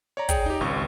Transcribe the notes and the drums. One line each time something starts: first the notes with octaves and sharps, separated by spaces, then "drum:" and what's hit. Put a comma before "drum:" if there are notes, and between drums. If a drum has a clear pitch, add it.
C#5 D5 A#5
G#4 C#5 D5 G5, drum: kick, hi-hat
D#4 G4
G#1 C#2 C#6